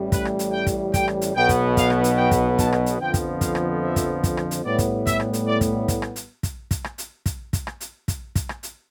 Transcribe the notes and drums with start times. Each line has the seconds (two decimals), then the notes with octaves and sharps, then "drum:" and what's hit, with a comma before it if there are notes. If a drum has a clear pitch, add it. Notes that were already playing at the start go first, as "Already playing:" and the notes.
Already playing: A1 A2 G3
0.12 B4, drum: kick, hi-hat
0.25 drum: rim click
0.39 drum: hi-hat
0.53 G5
0.67 drum: kick, hi-hat
0.94 G5, drum: kick, hi-hat
1.08 drum: rim click
1.21 drum: hi-hat
1.35 B1 B2 B3 G5
1.49 drum: kick, hi-hat
1.77 F5, drum: kick, hi-hat
1.90 drum: rim click
2.04 drum: hi-hat
2.17 G5
2.31 drum: kick, hi-hat
2.58 A5, drum: kick, hi-hat
2.72 drum: rim click
2.86 drum: hi-hat
3.00 F2 D3 F3 B3 G5
3.14 drum: kick, hi-hat
3.41 F5, drum: kick, hi-hat
3.55 drum: rim click
3.83 E5
3.96 drum: kick, hi-hat
4.24 drum: kick, hi-hat
4.37 drum: rim click
4.51 drum: hi-hat
4.64 A2 G3 B3 D5
4.78 drum: kick, hi-hat
5.07 E5, drum: kick, hi-hat
5.20 drum: rim click
5.33 drum: hi-hat
5.47 D5
5.61 drum: kick, hi-hat
5.88 drum: kick, hi-hat
6.02 drum: rim click
6.16 drum: hi-hat
6.43 drum: kick, hi-hat
6.71 drum: kick, hi-hat
6.84 drum: rim click
6.98 drum: hi-hat
7.26 drum: kick, hi-hat
7.53 drum: kick, hi-hat
7.67 drum: rim click
7.81 drum: hi-hat
8.08 drum: kick, hi-hat
8.35 drum: kick, hi-hat
8.49 drum: rim click
8.63 drum: hi-hat